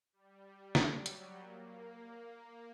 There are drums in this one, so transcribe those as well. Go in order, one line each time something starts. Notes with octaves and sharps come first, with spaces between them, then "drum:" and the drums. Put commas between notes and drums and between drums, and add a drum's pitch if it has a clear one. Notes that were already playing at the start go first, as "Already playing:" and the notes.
G3
G3
F#3, drum: snare
G3, drum: hi-hat
A#3